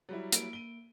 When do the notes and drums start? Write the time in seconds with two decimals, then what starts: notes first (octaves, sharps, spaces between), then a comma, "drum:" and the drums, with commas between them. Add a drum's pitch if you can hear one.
0.09 F#3 G3 E4
0.32 A#3 D7, drum: hi-hat
0.53 D#7 G7